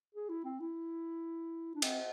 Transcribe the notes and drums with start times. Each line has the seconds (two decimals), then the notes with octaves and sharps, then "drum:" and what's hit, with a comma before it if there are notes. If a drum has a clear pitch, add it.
0.15 G#4
0.29 E4
0.44 C4
0.60 E4
1.75 D4
1.82 C4, drum: cymbal